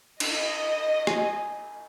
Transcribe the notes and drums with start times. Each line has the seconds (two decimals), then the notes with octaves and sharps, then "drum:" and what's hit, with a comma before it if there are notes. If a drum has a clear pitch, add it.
0.20 D#5, drum: cymbal
1.07 G#5, drum: rim click